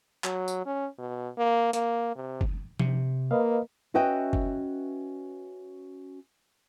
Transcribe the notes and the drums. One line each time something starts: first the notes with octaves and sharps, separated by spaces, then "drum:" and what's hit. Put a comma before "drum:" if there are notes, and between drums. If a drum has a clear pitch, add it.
F#3, drum: clap
drum: tambourine
C#4
B2
A#3
A#3, drum: hi-hat
C3
drum: kick F#1
C3, drum: tom F3
A#3 B4 D#5 F5
C#4 F#4 B4 D#5 E5 G5
drum: kick F#1